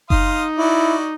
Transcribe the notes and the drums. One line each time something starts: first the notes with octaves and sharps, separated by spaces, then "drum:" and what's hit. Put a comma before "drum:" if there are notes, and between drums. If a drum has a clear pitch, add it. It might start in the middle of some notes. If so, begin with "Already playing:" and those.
D#4 F5 C6 D#6, drum: kick F#1
E4 F#4 D5